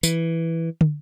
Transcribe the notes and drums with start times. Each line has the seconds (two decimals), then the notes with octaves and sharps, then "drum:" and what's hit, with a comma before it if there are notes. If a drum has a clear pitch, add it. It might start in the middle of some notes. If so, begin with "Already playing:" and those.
0.03 E3, drum: tambourine
0.81 drum: tom